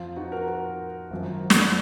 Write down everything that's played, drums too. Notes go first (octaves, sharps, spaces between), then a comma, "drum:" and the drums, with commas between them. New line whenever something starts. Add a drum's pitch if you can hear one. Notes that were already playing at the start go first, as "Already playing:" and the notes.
Already playing: F2 F3 F4
D#4 F#4
F#4 A#4
F#4 A#4
G#1 F#2 F3
drum: snare